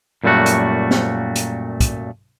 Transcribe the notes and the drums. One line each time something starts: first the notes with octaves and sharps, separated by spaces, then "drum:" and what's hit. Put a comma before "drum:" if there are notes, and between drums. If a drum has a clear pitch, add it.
F#2 A#2 G3 A3 F#4
drum: hi-hat
drum: snare
drum: hi-hat
drum: kick, hi-hat